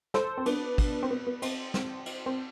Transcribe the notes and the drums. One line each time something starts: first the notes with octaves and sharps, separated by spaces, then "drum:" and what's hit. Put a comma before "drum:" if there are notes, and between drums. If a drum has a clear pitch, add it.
A4 C5, drum: snare
C4
B3 D4, drum: cymbal
drum: kick, cymbal
C4
B3
B3
C4, drum: cymbal
C4, drum: snare
drum: cymbal
C4